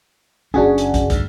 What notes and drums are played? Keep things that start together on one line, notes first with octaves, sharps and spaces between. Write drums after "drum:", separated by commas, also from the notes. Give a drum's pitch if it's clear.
F#1 C#4 D4 F#4 G#4
drum: hi-hat
drum: kick, hi-hat
D2 G2, drum: kick, hi-hat